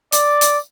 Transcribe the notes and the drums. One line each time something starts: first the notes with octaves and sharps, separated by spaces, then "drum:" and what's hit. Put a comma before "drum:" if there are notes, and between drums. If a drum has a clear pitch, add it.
D5, drum: hi-hat
drum: hi-hat